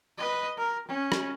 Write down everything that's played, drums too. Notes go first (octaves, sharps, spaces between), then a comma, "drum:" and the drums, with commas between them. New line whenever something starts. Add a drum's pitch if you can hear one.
B4 D#5
A#4
C#4
drum: rim click